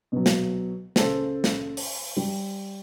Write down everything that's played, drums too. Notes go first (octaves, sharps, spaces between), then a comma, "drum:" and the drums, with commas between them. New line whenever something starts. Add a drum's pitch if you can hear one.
B2 F#3
drum: snare
C#3 A4 C5, drum: snare
drum: snare
drum: open hi-hat
G3